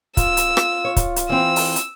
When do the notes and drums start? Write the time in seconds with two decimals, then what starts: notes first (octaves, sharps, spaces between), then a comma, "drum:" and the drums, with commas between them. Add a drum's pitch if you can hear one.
0.17 F4 E6, drum: kick C#1, hi-hat
0.37 drum: hi-hat
0.57 drum: rim click
0.85 C#5
0.96 drum: kick C#1, hi-hat
1.16 drum: hi-hat
1.29 E3 C4 E6
1.56 drum: open hi-hat
1.76 drum: hi-hat